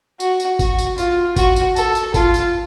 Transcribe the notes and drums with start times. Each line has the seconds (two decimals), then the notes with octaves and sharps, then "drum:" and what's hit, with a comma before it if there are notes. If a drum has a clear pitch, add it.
0.20 F#4, drum: tambourine
0.40 drum: tambourine
0.59 F#4, drum: kick G#1, tambourine
0.79 drum: tambourine
0.98 F4, drum: tambourine
1.36 F#4, drum: kick G#1, tambourine
1.56 drum: tambourine
1.76 A4, drum: tambourine
1.95 drum: tambourine
2.14 F4, drum: kick G#1, tambourine
2.34 drum: tambourine